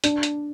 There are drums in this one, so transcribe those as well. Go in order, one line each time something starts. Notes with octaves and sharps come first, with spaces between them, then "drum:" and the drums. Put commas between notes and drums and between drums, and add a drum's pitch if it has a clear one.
D4, drum: hi-hat
drum: hi-hat